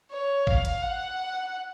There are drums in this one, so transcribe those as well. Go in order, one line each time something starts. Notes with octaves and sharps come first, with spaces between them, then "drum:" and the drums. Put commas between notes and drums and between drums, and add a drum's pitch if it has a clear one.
C#5
F5, drum: kick G1
drum: hi-hat
F#5